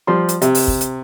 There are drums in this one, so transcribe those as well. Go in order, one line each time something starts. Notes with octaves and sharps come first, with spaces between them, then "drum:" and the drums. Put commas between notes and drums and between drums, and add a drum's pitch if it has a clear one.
F3 G3 C6
drum: hi-hat
C3, drum: hi-hat
drum: open hi-hat
drum: kick
drum: hi-hat